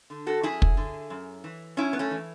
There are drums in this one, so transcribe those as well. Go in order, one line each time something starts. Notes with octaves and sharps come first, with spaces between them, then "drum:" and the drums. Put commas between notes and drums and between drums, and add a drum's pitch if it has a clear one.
D3
F#4 A4
F#2 E4 G#4
drum: kick
D3
F#2
E3
F#2 C#4 E4
B3
A3 C#4
E3